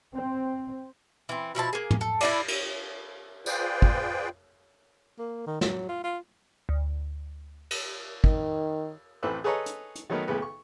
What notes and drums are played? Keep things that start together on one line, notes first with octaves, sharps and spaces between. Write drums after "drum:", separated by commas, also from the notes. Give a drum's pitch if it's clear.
C4
E3 C4
B2 F3 E4 A5
A#3 G#4
drum: tom
A4
D4 E4 D5, drum: cymbal
drum: cymbal
F4 G#4 B4 C5 D5 G5, drum: tambourine
drum: kick
A#3
D#3
F#3, drum: snare
F4
F4
D2
drum: cymbal
D#3, drum: kick
A1 E3 C4 B4 E6
G#4 A4 B4 C#5 D#5 A#5
drum: hi-hat
drum: hi-hat
D#3 F#3 A3 B3 D#4 A#4
B1 A2 C#3 B4
C#6